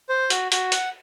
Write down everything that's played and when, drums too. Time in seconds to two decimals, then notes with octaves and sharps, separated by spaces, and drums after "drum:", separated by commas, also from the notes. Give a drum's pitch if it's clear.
0.09 C5
0.30 F#4, drum: hi-hat
0.52 F#4, drum: hi-hat
0.72 F#5, drum: hi-hat